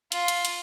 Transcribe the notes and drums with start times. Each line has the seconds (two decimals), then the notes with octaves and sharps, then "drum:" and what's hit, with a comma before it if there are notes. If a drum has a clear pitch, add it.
0.12 F4, drum: hi-hat
0.28 drum: hi-hat
0.45 drum: hi-hat